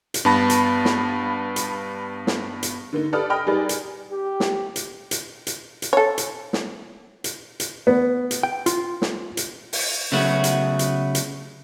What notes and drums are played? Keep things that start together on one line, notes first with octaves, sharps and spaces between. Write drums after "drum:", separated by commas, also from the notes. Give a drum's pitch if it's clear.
drum: hi-hat
G2 B3 A5 B5 A#6
drum: hi-hat
drum: snare
drum: hi-hat
drum: snare
drum: hi-hat
D3 A#3 D#4
G4 A4 B4 D5 D#6 F6
D#5 G5 B5 F6
G3 D#4 G#4 A#4 B4 D5
drum: hi-hat
G4
drum: snare
drum: hi-hat
drum: hi-hat
drum: hi-hat
drum: hi-hat
A4 C#5
drum: hi-hat
drum: snare
drum: hi-hat
drum: hi-hat
B3
drum: hi-hat
G5
F4, drum: hi-hat
drum: snare
drum: hi-hat
drum: open hi-hat
C#3 F#3 A3 B3 F#4
drum: hi-hat
drum: hi-hat
drum: hi-hat